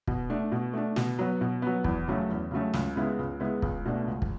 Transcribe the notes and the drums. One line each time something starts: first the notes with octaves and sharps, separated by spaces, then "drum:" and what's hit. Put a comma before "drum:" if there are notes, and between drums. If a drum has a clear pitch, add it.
B2, drum: kick
A3 D4
B2
A3 D4
B2, drum: snare
F#3 B3
B2
F#3 B3
E2, drum: kick
C#3 F#3 A3 C#4
E2
C#3 F#3 A3 C#4
C#2, drum: snare
C#3 G#3 B3 E4
C#2
C#3 G#3 B3 E4
C#2, drum: kick
B2 A3 D4
C#2
drum: kick